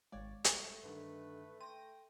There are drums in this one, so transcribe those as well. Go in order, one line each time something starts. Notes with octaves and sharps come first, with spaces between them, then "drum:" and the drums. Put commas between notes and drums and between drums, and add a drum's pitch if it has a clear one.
G#1 G#3 C#5 D5
G3 A3, drum: hi-hat
G2 D3 D#3 B4
G5 C6 A#6 D#7